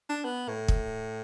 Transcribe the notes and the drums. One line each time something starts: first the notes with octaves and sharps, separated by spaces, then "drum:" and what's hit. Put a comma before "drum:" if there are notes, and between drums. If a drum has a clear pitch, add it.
D4
B3
A2
drum: kick